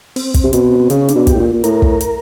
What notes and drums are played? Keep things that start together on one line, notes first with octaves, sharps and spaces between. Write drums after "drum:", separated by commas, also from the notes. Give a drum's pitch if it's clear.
C4, drum: open hi-hat
drum: kick, hi-hat
C3
B2, drum: hi-hat
C4
C#3 C#4, drum: hi-hat
D4, drum: hi-hat
B2
G4, drum: kick, hi-hat
A2
A#2
A#2
A2 A#4, drum: hi-hat
drum: kick
drum: hi-hat